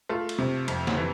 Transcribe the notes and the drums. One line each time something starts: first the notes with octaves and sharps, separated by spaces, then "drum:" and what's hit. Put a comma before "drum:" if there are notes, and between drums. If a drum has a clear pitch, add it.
A3 F4
drum: cymbal
C3
F2, drum: cymbal
drum: snare
E3